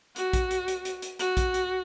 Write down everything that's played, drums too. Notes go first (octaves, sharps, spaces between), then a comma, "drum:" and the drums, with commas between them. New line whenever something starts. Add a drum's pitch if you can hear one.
F#4, drum: hi-hat
drum: kick A#1, hi-hat
drum: hi-hat
drum: hi-hat
drum: hi-hat
drum: hi-hat
F#4, drum: hi-hat
drum: kick A#1, hi-hat
drum: hi-hat